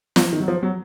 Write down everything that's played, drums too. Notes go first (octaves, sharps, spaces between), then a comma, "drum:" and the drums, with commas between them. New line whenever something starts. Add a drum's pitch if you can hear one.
F3, drum: snare
D#3
F#3
F3
F#3